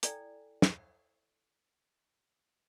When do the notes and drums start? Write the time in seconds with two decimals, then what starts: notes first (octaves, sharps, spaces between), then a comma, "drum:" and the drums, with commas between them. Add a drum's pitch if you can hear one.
0.03 E4 A4 D5 G5 G#5, drum: hi-hat
0.62 drum: snare